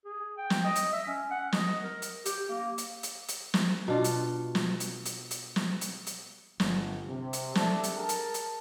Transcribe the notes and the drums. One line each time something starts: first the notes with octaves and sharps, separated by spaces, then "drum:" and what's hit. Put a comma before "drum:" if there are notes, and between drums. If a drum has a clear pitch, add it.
G#4
G5
drum: snare
D#5
drum: hi-hat
E5
C#4
F#5
D#5, drum: snare
A#4
drum: hi-hat
G4, drum: hi-hat
A#3
drum: hi-hat
drum: hi-hat
drum: hi-hat
drum: snare
B2 D4 F4
drum: hi-hat
drum: snare
drum: hi-hat
drum: hi-hat
drum: hi-hat
drum: snare
drum: hi-hat
drum: hi-hat
G1, drum: snare
C3
drum: hi-hat
D4 G4 A4 E5 A5, drum: snare
drum: hi-hat
G#4 A#4 A5
drum: hi-hat
drum: hi-hat